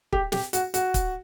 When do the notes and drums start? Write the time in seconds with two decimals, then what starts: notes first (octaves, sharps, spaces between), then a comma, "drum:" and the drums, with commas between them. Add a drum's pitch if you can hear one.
0.13 G4, drum: kick
0.32 G4, drum: snare
0.53 F#4, drum: hi-hat
0.74 F#4, drum: hi-hat
0.94 drum: kick, hi-hat